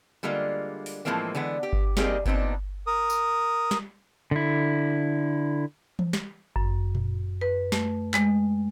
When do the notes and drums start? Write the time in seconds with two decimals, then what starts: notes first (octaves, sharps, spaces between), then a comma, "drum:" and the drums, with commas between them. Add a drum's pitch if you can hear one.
0.23 D3 G3 G#3 A#3 F4
0.86 drum: open hi-hat
1.05 A2 E3 F3 G#3 A#3 C4
1.35 D3 E3 G#3 B3
1.63 G4
1.73 drum: kick G1
1.97 G3 A#3 C4 D#4 G4 G#4, drum: snare
2.26 A#2 B3 C4 D4 D#4, drum: kick G1
2.87 A#4 D#6
3.10 drum: tambourine
3.71 drum: snare
4.31 D3 E4
5.99 drum: tom E3
6.13 drum: snare
6.56 F#2, drum: kick G1
6.95 drum: tom A#2
7.41 B4
7.72 A3, drum: snare
8.14 G#3, drum: clap